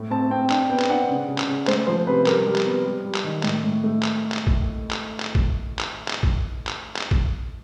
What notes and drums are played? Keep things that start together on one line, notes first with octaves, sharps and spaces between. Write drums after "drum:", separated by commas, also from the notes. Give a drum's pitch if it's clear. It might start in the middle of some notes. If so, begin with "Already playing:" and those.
Already playing: A2 A3
C4 A5
C4 G5
D4 G5, drum: clap
B3 G5
drum: clap
D4 F#5
C#3
C#3
drum: clap
C#3
A3 C5, drum: clap
F3 C5
C3 B4
G3 A#4, drum: clap
G3
drum: clap
B3
G3
G3
drum: clap
D#3
A2, drum: clap
A2
A3
drum: clap
drum: clap
drum: kick A1
drum: clap
drum: clap
drum: kick A1
drum: clap
drum: clap
drum: kick A1
drum: clap
drum: clap
drum: kick A1